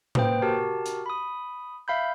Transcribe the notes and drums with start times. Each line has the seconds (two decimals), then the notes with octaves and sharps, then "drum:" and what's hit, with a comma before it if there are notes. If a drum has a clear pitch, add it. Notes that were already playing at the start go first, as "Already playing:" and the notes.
0.15 A#3 B4 C5 G5, drum: tom A2
0.42 F#4 G4 A#4 A5
0.86 drum: hi-hat
1.06 B5 D#6
1.88 E5 F5 B5 G6